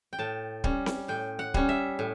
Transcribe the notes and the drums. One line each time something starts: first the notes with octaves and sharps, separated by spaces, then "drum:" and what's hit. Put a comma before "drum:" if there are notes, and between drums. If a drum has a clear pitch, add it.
G5
A2 A5
G3 C#4, drum: kick D1
drum: snare C4
A2 G5
F#5
G3 C#4, drum: kick D1
E5
A2